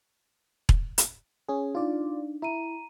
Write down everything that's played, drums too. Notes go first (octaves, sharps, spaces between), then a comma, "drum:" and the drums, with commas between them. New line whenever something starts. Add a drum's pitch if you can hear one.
drum: kick E1
drum: hi-hat
C#4 G#4
D4 D#4 F4 D5
E4 A#5 D#7